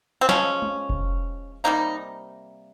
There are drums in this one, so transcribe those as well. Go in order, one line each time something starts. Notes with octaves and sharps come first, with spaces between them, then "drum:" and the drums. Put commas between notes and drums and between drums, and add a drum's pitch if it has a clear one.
C4
C#3 F3 G#3 C#4, drum: snare
drum: tom
drum: kick F1
C3 G3 A#3 D#4